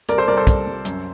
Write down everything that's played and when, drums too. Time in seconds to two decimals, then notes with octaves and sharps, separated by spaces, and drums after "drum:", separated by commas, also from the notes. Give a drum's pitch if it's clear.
0.09 C2 A#4 D5, drum: hi-hat
0.18 A4 C5
0.28 C2 A#4 D5
0.37 A4 C5
0.47 C2, drum: kick, hi-hat
0.67 C2
0.85 F#2, drum: hi-hat